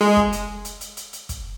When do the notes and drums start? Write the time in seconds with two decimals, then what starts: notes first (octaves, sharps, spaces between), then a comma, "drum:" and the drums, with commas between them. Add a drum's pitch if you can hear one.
0.01 G#3
0.17 drum: kick
0.33 drum: hi-hat
0.65 drum: hi-hat
0.81 drum: hi-hat
0.97 drum: hi-hat
1.13 drum: hi-hat
1.29 drum: kick, hi-hat